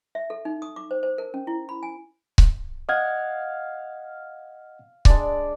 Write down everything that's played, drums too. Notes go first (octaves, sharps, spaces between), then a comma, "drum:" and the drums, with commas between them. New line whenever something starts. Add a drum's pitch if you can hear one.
E5
A4
D#4
D#6
D6
C5
C5
A#4
C#4
E4
B5
G#5
drum: kick C#1
D#5 F5 F#5 G#6
G#3 D4 D5, drum: kick C#1